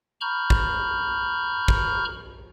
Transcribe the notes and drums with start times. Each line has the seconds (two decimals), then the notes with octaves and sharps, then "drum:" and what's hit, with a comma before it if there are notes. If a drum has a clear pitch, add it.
0.21 A#5 B5 C#6 F6 G6
0.50 drum: kick
1.68 drum: kick